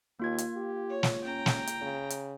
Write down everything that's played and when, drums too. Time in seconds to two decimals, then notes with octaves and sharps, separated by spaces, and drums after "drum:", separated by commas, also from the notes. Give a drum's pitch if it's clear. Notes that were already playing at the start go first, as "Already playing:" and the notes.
0.20 D#2 A#3 F4 G#6
0.38 drum: hi-hat
0.56 G4
0.89 C#5
1.03 drum: snare
1.24 C#4 G5 A#5
1.46 drum: snare
1.67 drum: hi-hat
1.81 C#3
2.10 drum: hi-hat